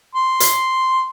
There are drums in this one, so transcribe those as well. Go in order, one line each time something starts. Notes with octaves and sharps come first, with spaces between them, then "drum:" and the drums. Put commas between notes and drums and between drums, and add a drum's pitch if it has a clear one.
C6
drum: hi-hat